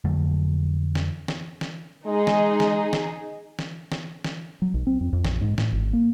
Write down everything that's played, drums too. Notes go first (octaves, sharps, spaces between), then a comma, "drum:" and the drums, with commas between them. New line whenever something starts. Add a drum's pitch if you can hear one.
F2 D3 F#3 A3
drum: snare
drum: snare
drum: snare
G#3 D#4 G#4
drum: snare
drum: snare
drum: snare
drum: snare
drum: snare
drum: snare
F#3
B1
C4
F2
F2
A#1, drum: snare
G#2
A2, drum: snare
G#1
A#3